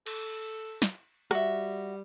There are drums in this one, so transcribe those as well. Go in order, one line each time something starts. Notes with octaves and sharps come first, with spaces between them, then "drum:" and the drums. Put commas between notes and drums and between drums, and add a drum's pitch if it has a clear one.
A4, drum: cymbal
drum: snare
G3 F#4 E5, drum: rim click